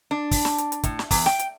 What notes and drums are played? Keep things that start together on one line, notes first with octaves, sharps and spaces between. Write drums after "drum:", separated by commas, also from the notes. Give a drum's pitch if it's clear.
D4
drum: kick, open hi-hat
drum: snare
drum: hi-hat
drum: hi-hat
A2, drum: kick, hi-hat
drum: snare
E2, drum: kick, open hi-hat
G5, drum: snare
drum: hi-hat